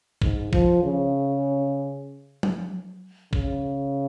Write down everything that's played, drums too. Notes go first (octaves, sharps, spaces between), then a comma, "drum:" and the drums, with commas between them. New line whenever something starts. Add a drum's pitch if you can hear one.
G#2, drum: kick
F3, drum: kick
C#3
drum: tom F#3
C#3, drum: kick